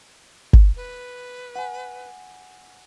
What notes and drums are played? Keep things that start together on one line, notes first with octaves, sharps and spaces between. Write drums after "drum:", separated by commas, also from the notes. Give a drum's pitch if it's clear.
drum: kick G1
B4
F#5 G#5